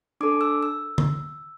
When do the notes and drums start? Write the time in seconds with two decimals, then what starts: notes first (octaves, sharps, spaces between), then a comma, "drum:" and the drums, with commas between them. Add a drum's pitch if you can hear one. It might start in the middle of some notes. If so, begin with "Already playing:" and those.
0.21 D4 A4 D6
0.41 E6
0.63 E6
0.98 drum: tom